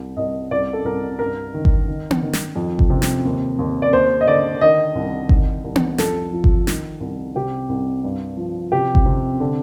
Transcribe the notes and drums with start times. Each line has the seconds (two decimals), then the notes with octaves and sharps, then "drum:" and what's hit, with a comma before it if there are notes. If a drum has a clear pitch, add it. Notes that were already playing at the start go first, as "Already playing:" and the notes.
Already playing: C2
0.17 C2 D#5
0.51 C2 D5
0.73 A4
0.85 C2 A#4
1.19 G2 A#4
1.54 D#3
1.65 drum: kick G1
1.88 D#3
2.11 drum: tom B3
2.22 D#3
2.33 drum: snare
2.56 F2
2.79 drum: kick G1
2.90 C3
3.02 drum: snare
3.25 D#2
3.59 D#2
3.82 D5
3.93 D#2 C5
4.21 D#5
4.27 D3 D5
4.61 D#3 D#5
4.95 C2
5.29 D#3, drum: kick G1
5.64 C2
5.76 drum: tom B3
5.98 F2 A4, drum: snare
6.32 F3
6.44 drum: kick G1
6.67 D#3, drum: snare
7.00 C2
7.35 C3 G4
7.69 C2
8.04 G2
8.37 F3
8.72 C3 G4
8.95 drum: kick G1
9.06 C3
9.40 D3